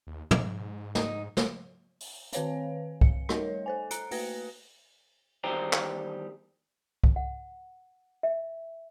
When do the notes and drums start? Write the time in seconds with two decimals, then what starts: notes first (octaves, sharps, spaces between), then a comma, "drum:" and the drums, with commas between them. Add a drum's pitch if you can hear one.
0.07 D#2
0.31 G#2, drum: tom
0.95 D#4, drum: snare
1.37 drum: snare
2.00 drum: open hi-hat
2.33 D#3 C4 B4 C#5 F5 G#5, drum: hi-hat
3.01 C#7, drum: kick C2
3.29 G3 A3 D#4 A#4 C#5 D#5, drum: rim click
3.66 A4 C5 G#5
3.91 A#5 F#6 C#7 D7, drum: hi-hat
4.11 A3 A#3 F#4 B4 A#6, drum: open hi-hat
5.44 E2 D#3 G3 C5 G5 A#5
5.73 drum: clap
7.04 drum: kick C2
7.16 F#5
8.23 E5